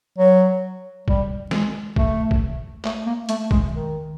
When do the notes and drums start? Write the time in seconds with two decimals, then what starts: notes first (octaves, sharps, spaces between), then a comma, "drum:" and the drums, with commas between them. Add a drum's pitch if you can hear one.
0.18 F#3
1.08 G3, drum: kick
1.51 G#3, drum: snare
1.96 A3, drum: kick
2.31 drum: kick
2.85 A3, drum: clap
3.06 A#3
3.29 A3, drum: hi-hat
3.51 G#3, drum: kick
3.73 D#3